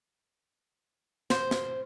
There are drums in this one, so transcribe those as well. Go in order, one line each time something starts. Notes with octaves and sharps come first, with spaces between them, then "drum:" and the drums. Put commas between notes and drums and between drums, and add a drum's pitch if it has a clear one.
C5, drum: snare
drum: snare